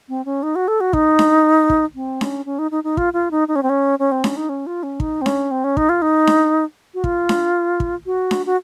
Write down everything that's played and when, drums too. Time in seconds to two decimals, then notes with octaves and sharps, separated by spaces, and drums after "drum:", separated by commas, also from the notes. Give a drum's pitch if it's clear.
0.09 C4
0.25 C#4
0.43 D#4
0.55 F#4
0.68 A4
0.80 F#4
0.93 D#4, drum: kick
1.19 drum: snare D4
1.70 drum: kick
1.95 C4
2.21 C#4, drum: snare D4
2.46 C#4
2.59 D#4
2.71 D#4
2.84 D#4
2.97 F4, drum: kick
3.13 F4
3.31 D#4
3.48 D#4
3.56 C#4
3.63 C4
3.69 C#4
3.99 C#4
4.11 C4
4.24 C#4, drum: snare D4
4.36 D#4
4.49 C#4
4.66 F4
4.83 C#4
5.00 D#4, drum: kick
5.21 C4
5.26 C#4, drum: snare D4
5.51 C4
5.64 C#4
5.77 D#4, drum: kick
5.89 F4
6.02 D#4
6.27 drum: snare D4
6.94 F#4
7.04 F4, drum: kick
7.29 drum: snare D4
7.80 drum: kick
8.06 F#4
8.31 drum: snare D4
8.46 F#4